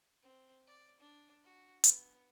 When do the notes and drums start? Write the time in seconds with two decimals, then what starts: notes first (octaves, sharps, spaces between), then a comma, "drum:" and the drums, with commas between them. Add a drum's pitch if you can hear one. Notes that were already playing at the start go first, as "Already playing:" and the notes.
0.22 C4
0.67 D5
1.00 D4
1.44 F#4
1.84 B3, drum: hi-hat